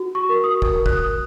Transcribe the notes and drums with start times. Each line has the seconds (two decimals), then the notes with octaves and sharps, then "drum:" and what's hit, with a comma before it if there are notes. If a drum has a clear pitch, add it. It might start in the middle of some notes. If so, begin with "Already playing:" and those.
Already playing: F#4
0.15 C#6
0.29 A#4
0.44 D#6
0.62 drum: kick
0.72 A#4 D#6
0.86 F#6, drum: kick
0.97 D#6